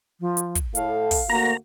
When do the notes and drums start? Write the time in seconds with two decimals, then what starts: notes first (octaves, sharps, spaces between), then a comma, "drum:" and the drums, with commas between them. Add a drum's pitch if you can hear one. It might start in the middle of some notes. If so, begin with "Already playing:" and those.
0.20 F3
0.37 drum: hi-hat
0.55 drum: kick, hi-hat
0.75 A2 A4 F5, drum: hi-hat
1.11 drum: kick, open hi-hat
1.30 D2 A#3 F#4 A#5